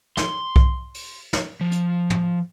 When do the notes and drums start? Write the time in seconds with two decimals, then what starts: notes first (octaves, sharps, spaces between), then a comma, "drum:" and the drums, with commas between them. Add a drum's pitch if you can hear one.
0.17 C6, drum: snare
0.56 drum: kick B1
0.94 drum: open hi-hat
1.33 drum: snare
1.61 F3
1.72 drum: hi-hat
2.10 drum: tom